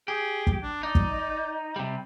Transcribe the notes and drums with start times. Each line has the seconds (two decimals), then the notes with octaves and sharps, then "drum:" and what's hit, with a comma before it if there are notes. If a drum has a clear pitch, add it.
0.08 G4 G#4
0.47 drum: kick
0.63 D4
0.83 D#4 D5
0.95 drum: kick
1.76 C3 G3